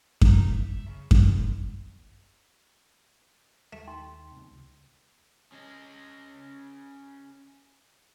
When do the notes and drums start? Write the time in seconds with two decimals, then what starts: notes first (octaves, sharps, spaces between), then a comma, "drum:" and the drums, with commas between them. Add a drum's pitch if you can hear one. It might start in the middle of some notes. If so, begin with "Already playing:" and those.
0.21 D#4 A#5, drum: kick F#2
0.52 E5
0.86 C#3
1.11 D2, drum: kick F#2
3.73 D#2 A3
3.87 D#4 G5 C6
4.36 C3 G#3 B3
4.51 C#2 G2
5.52 C#4 G#4 D#5